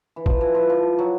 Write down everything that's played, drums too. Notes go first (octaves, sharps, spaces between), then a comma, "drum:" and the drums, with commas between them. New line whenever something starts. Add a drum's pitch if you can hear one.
E3
F3, drum: kick
E3
F3
F3
F#3